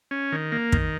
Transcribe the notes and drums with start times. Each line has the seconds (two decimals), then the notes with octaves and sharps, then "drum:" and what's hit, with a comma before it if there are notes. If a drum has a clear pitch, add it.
0.11 C#4
0.32 D#3
0.52 A#3
0.72 D#3, drum: kick